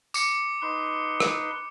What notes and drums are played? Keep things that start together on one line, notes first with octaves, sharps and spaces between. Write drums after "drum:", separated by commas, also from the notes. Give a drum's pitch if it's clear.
D6 C#7, drum: tambourine
D#4 B4 C6
drum: rim click